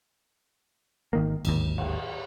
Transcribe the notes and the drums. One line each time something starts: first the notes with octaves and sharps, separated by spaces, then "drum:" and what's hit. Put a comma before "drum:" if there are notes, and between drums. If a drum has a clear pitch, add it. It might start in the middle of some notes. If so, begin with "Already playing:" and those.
G#1 D#3 A#3
D1 G#1 D#2, drum: cymbal
drum: cymbal